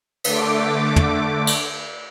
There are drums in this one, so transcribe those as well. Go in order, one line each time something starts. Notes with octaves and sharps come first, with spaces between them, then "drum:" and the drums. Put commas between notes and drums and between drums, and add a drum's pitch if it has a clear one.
D3 A3 D6, drum: cymbal
drum: tom
drum: cymbal